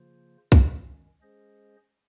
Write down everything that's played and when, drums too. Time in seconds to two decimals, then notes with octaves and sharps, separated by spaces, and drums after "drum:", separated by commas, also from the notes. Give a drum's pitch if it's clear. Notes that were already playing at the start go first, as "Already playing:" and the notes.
Already playing: C#3 F3 A#3 F4 C5
0.52 D#3 G#3 C#4, drum: kick
1.21 G#3 C#4 G#4 C5 D#5